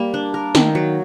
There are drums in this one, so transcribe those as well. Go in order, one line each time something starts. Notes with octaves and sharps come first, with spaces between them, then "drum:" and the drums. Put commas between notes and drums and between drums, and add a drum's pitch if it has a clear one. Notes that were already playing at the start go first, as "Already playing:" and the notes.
Already playing: G3 A#3
D4
A#4
D#3, drum: snare
F#3